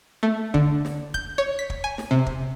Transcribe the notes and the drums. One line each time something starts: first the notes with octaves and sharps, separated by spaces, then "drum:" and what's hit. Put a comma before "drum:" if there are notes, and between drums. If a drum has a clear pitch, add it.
A3
D3, drum: kick
drum: snare
G6, drum: kick
C#5
B6
drum: kick
G#5
drum: snare
C3
drum: kick